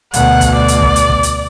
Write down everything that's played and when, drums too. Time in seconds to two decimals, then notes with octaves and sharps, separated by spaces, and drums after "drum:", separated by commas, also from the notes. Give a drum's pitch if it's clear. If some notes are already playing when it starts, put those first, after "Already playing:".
0.14 D2 B2 F#5, drum: hi-hat
0.41 drum: kick, hi-hat
0.56 D5
0.68 drum: hi-hat
0.82 drum: kick
0.96 drum: hi-hat
1.09 drum: kick
1.23 drum: hi-hat